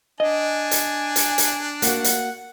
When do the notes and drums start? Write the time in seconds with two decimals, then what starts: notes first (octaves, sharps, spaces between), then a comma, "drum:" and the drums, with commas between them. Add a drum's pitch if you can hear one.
0.20 D4 D#5 G#5
0.71 drum: hi-hat
1.16 drum: hi-hat
1.38 drum: hi-hat
1.82 A#3 F#4 F#5, drum: hi-hat
2.04 drum: hi-hat